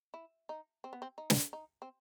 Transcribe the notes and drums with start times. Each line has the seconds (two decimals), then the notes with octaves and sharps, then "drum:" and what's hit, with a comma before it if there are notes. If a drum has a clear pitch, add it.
0.14 E4
0.49 D#4
0.84 C4
0.93 B3
1.02 C4
1.18 D#4
1.30 drum: snare
1.53 D#4
1.82 C4